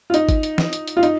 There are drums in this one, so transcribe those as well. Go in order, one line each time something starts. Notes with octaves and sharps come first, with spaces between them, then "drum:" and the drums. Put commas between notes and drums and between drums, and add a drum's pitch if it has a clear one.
F4
D#4, drum: hi-hat
drum: kick G#1, hi-hat
drum: hi-hat
drum: snare
drum: hi-hat
drum: hi-hat
F4
D#4, drum: hi-hat